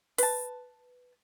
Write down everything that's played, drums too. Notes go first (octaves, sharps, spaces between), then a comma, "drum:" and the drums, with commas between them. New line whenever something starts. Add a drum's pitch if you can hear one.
B4 A5, drum: open hi-hat